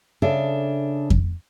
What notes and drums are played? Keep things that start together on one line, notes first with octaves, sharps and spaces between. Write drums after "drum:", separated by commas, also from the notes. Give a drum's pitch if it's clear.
C#3 D4 A4 E5
drum: kick F2